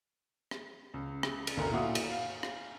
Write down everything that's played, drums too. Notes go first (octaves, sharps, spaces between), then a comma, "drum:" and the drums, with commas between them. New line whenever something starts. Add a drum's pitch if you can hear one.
drum: rim click
C#2
drum: rim click
drum: cymbal
G1 D2 B2 A#4 A#5 C#7
A#2 E4 F#4 F5 F#5 D#6
drum: cymbal
F5
drum: rim click